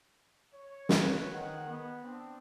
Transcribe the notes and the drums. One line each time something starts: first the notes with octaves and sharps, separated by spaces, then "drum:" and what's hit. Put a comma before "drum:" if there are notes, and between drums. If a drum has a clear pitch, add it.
C#5
B4, drum: snare
D#3 G#4 D#5 F#5
B3
C4 D4